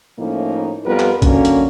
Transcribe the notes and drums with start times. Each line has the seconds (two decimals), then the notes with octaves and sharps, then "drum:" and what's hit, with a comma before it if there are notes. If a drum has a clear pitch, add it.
0.19 A2 F3 A#3 C#4 D#4 E4
0.85 F2 G3 B3 F4 A#4 B4
0.99 drum: clap
1.22 D3 F#3 A#3 C#4, drum: kick A#1, hi-hat
1.45 drum: hi-hat